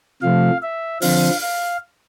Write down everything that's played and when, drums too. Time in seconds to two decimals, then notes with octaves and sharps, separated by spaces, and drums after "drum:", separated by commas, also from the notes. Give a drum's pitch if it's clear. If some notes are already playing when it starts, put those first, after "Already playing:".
0.22 C3 F3 A3 F5
0.62 E5
1.02 D3 F3 C4 F5, drum: open hi-hat
1.41 F5